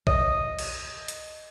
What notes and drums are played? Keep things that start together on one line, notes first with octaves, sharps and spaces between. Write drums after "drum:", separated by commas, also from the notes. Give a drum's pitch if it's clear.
D#5, drum: kick B1
drum: cymbal
drum: hi-hat